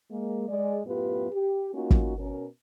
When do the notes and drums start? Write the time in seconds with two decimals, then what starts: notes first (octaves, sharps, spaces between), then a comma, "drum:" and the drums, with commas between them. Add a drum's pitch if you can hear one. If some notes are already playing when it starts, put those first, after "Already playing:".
0.10 G#3 A#3
0.48 G#3 D5
0.86 F#2 A2 B3 F4 G4 B4
1.32 G4
1.74 A#3 C#4 D#4 F4 F#4
1.91 drum: kick
2.18 B2 C#4 A#4